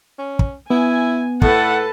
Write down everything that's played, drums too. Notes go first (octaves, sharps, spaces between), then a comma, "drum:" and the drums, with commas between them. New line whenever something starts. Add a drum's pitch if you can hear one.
C#4
drum: kick
B3 E4 G#5
A2 A4 B4 F#5 A5, drum: kick